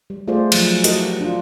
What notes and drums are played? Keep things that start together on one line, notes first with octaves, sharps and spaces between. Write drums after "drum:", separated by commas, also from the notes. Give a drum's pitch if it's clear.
G3
A3 F4 G#4 C5 D5
F3 F#3, drum: cymbal
E4 F#4 G4 A4 A#4 D#5, drum: hi-hat
D4 F4